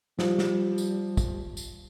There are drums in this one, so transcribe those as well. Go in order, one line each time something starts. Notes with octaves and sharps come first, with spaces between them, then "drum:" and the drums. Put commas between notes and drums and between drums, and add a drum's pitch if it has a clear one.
F3 G3, drum: snare
drum: snare
drum: tambourine
drum: kick, tambourine
drum: tambourine